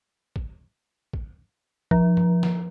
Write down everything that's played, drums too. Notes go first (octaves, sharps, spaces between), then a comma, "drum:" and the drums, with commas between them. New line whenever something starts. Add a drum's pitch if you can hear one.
drum: kick
drum: kick
F3, drum: kick
drum: tom
drum: snare